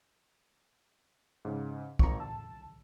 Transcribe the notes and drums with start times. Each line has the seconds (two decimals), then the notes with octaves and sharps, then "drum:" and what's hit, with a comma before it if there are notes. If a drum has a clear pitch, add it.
1.45 G#2 C#3
1.99 G#1 F4 A#5 C#6, drum: kick
2.20 A5 E6